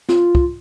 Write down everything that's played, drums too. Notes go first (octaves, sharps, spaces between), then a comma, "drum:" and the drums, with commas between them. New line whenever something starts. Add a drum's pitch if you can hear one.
F4, drum: snare
drum: kick